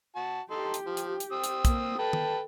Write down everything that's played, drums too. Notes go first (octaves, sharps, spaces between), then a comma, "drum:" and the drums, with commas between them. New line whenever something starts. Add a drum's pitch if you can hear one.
F#4 A5
D#4 G4 A4 C6
drum: hi-hat
F3
drum: hi-hat
drum: hi-hat
C4 D#6 E6
drum: hi-hat
A#3, drum: kick, hi-hat
A4 B4 G5 A5
drum: tom D#3